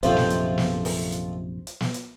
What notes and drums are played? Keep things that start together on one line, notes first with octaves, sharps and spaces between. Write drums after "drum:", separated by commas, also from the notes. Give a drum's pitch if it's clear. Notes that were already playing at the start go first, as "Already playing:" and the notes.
A#1 F#2 C3 D#3 F3 A3 C5, drum: hi-hat
drum: snare
drum: hi-hat
drum: snare
drum: open hi-hat
drum: hi-hat
drum: hi-hat
drum: snare
drum: hi-hat